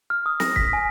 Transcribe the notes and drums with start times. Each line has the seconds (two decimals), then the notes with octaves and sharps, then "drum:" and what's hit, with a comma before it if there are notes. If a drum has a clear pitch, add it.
0.10 F6
0.26 D#6
0.40 A#6, drum: snare
0.56 B6, drum: kick
0.73 G#5